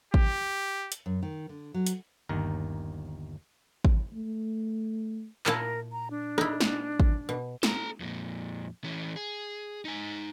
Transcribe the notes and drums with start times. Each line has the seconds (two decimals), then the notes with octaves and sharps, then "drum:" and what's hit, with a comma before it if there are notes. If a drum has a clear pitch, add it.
0.14 G4, drum: kick
0.92 drum: hi-hat
1.06 F#2
1.23 D#3
1.49 D3
1.74 F#3
1.87 drum: hi-hat
2.29 G1 D#2 D#3 A#4
3.85 drum: kick
4.13 A3
5.46 A#2 E4 A#4 A5, drum: clap
5.92 A#5
6.10 D4
6.38 D#4 E4, drum: rim click
6.60 drum: snare
7.00 drum: kick
7.29 B2
7.63 A4 A#5, drum: snare
8.00 F2 A#2
8.84 E3 C#4
9.16 G#4
9.85 D#4 G#5